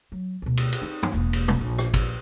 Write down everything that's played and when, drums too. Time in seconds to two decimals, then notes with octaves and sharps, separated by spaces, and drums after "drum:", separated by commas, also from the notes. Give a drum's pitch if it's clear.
0.12 F#3
0.42 D2 B2
0.57 drum: cymbal
0.72 drum: cymbal
0.82 C4 D#4
1.03 drum: tom G2
1.12 E1 A#3
1.33 drum: cymbal
1.48 drum: tom
1.61 A#1
1.79 drum: rim click
1.94 drum: kick G#1, cymbal